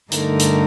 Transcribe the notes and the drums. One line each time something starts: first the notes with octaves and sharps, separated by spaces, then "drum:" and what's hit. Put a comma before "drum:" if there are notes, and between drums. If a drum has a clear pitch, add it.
G2 D3 A3 D#4 A#4, drum: hi-hat
drum: hi-hat